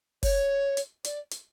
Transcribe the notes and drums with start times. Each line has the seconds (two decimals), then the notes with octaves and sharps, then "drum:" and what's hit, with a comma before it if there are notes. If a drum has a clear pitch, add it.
0.23 C#5, drum: kick, open hi-hat
0.77 drum: hi-hat
1.04 D5, drum: hi-hat
1.31 drum: hi-hat